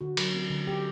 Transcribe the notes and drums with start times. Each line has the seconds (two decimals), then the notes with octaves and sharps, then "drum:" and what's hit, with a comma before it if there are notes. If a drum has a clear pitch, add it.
0.01 D3 F#4
0.17 F#3, drum: cymbal
0.34 C4
0.50 D3
0.67 D3 G4